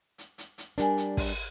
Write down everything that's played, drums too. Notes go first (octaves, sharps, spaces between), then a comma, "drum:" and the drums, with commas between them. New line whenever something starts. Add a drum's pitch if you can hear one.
drum: hi-hat
drum: hi-hat
drum: hi-hat
G3 D4 A#4 G#5, drum: hi-hat
drum: hi-hat
drum: kick, open hi-hat